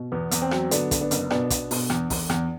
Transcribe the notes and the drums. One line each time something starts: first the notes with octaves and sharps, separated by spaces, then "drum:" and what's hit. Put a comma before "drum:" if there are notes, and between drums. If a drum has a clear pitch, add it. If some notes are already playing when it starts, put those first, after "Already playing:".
Already playing: B2
E2 B3
E2, drum: hi-hat
C4
F#3, drum: rim click
D3 B3 D4, drum: hi-hat
D3, drum: kick, hi-hat
B3 D4
F#1, drum: hi-hat
B2 B3 D4, drum: rim click
B2, drum: kick, hi-hat
B2, drum: open hi-hat
E2, drum: rim click
E2, drum: kick, open hi-hat
E2, drum: rim click